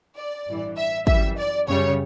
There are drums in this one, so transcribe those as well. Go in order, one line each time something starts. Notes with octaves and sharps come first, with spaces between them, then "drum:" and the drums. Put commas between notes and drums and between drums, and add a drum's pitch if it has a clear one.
D5
A1 G2 E3
E5
F#2 E3 G3 E5, drum: kick
D5
F#2 C#3 G3 C#5